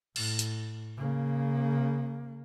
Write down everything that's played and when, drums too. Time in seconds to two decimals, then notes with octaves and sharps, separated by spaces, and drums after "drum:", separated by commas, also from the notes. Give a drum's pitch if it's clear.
0.16 A2, drum: cymbal
0.39 drum: hi-hat
0.97 C#3 A#3